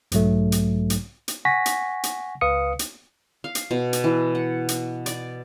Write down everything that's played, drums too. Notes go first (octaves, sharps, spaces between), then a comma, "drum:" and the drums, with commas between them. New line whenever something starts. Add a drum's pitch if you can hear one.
B1 G#2 F#3 A3, drum: hi-hat
drum: hi-hat
drum: hi-hat
drum: hi-hat
F#5 G#5 C#6 A#6 B6
drum: hi-hat
drum: hi-hat
C#2 B4 F5 D#6 C#7
drum: hi-hat
F5
drum: hi-hat
B2
drum: hi-hat
E3
F#5
drum: hi-hat
D5, drum: hi-hat